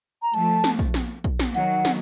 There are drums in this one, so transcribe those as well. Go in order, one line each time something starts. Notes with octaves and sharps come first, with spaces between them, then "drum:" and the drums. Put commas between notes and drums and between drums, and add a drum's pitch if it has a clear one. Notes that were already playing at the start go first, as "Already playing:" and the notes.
A#5
F3 A3 A5, drum: hi-hat
drum: snare
drum: kick A#1
drum: snare
drum: kick A#1, hi-hat
drum: snare
D#3 F#3 F#5, drum: hi-hat
drum: snare